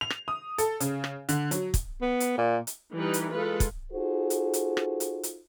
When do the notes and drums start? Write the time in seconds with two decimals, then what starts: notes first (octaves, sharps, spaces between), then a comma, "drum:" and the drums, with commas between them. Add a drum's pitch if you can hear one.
0.01 F7
0.10 drum: rim click
0.28 D#6
0.58 A4, drum: hi-hat
0.80 C#3, drum: hi-hat
1.04 drum: rim click
1.29 D3, drum: hi-hat
1.51 F#3, drum: hi-hat
1.74 drum: kick, hi-hat
2.02 B3
2.20 drum: hi-hat
2.38 A#2
2.67 drum: hi-hat
2.94 E3 G3 D#4 B4
3.14 drum: hi-hat
3.31 G#3 F4 A4 B4
3.60 drum: kick, hi-hat
3.92 D#4 F4 F#4 G#4 A4 C5
4.30 drum: hi-hat
4.53 drum: hi-hat
4.77 drum: rim click
5.00 drum: hi-hat
5.23 drum: hi-hat